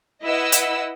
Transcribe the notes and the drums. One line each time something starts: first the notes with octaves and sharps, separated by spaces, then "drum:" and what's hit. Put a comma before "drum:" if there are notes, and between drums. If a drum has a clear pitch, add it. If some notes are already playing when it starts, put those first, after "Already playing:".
E4 B4 D#5 F#5 E6
drum: hi-hat